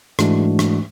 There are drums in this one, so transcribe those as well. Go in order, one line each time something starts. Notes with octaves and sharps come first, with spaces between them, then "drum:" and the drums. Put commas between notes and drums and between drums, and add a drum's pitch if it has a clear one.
G#2 E3 G#3 A3 D4 F#4, drum: rim click
drum: rim click